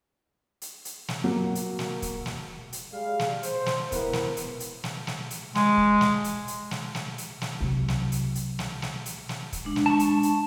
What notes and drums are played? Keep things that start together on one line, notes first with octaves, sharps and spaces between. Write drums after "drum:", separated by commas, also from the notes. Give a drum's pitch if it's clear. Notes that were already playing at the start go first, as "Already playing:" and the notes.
drum: hi-hat
drum: hi-hat
drum: snare
F#3 A#3
drum: hi-hat
drum: snare
drum: kick, hi-hat
drum: snare
drum: hi-hat
G3 G#3 G#4 F5
drum: snare
C5, drum: hi-hat
drum: snare
B3 E4 A#4 B4, drum: kick, hi-hat
drum: snare
drum: hi-hat
drum: hi-hat
drum: snare
drum: snare
drum: hi-hat
G#3, drum: snare
drum: kick
drum: snare
drum: hi-hat
drum: hi-hat
drum: snare
drum: snare
drum: hi-hat
drum: snare
C2 F#3
drum: snare
drum: hi-hat
drum: hi-hat
drum: snare
drum: snare
drum: hi-hat
drum: snare
drum: kick, hi-hat
G#3 D4
drum: snare
A5 C#6
drum: hi-hat
drum: hi-hat